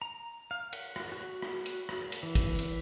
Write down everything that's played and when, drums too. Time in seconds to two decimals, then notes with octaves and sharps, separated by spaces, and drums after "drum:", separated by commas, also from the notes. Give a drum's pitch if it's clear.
0.02 A#5
0.51 F5
0.73 F#5, drum: cymbal
0.96 drum: rim click
1.12 F#4
1.42 drum: rim click
1.66 drum: cymbal
1.89 drum: rim click
2.12 drum: cymbal
2.23 E3
2.35 drum: kick G#1, cymbal
2.59 drum: cymbal